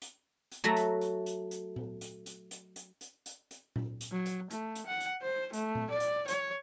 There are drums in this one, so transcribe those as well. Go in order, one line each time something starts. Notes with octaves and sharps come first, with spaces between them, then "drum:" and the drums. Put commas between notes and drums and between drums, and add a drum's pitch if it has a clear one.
drum: hi-hat
drum: hi-hat
F#3 A3 F#4 E5 A#5
drum: hi-hat
drum: hi-hat
drum: hi-hat
drum: hi-hat
drum: tom A#2
drum: hi-hat
drum: hi-hat
drum: hi-hat
drum: hi-hat
drum: hi-hat
drum: hi-hat
drum: hi-hat
drum: tom A#2
drum: hi-hat
F#3
drum: hi-hat
A3, drum: hi-hat
drum: hi-hat
F#5
drum: hi-hat
C5
A3, drum: hi-hat
drum: tom A#2
D5
drum: hi-hat
C#5, drum: hi-hat